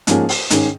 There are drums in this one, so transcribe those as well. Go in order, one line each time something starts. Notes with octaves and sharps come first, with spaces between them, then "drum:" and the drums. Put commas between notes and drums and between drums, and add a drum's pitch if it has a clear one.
G#2 F3 A#3 C#4 G#4, drum: hi-hat
drum: open hi-hat
G#2 D#3 C#4 G#4, drum: hi-hat